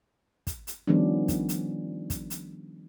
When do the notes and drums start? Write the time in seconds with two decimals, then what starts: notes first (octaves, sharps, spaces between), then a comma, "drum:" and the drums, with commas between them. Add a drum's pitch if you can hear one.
0.47 drum: kick, hi-hat
0.67 drum: hi-hat
0.87 D#3 F3 G3 B3 C#4 D4
1.28 drum: kick, hi-hat
1.49 drum: hi-hat
2.10 drum: kick, hi-hat
2.30 drum: hi-hat